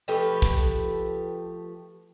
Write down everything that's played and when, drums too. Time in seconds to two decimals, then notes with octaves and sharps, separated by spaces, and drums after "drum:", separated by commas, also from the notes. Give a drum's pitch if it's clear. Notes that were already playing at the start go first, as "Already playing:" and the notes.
0.08 F3 A3 G4 B4
0.42 drum: kick
0.58 drum: hi-hat